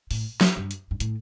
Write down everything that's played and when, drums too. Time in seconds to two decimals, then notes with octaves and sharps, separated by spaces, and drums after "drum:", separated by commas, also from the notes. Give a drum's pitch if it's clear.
0.11 A2, drum: open hi-hat
0.41 drum: snare
0.56 G2
0.71 drum: hi-hat
0.91 G2
1.00 A2, drum: hi-hat